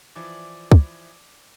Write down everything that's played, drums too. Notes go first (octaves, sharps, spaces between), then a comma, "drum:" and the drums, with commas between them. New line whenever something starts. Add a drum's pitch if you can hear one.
E3 F3 E4 D5
drum: kick